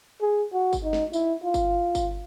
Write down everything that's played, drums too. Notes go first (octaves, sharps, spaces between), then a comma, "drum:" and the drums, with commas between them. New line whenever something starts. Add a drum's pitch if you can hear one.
G#4
F#4
drum: kick G1, tambourine
D#4
drum: snare
E4, drum: tambourine
F4
drum: kick G1, tambourine
drum: kick G1, tambourine